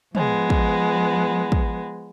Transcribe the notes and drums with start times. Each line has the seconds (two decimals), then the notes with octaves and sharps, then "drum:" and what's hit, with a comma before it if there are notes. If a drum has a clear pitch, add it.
0.15 F3 G#3 B3, drum: tom
0.50 drum: kick
1.52 drum: kick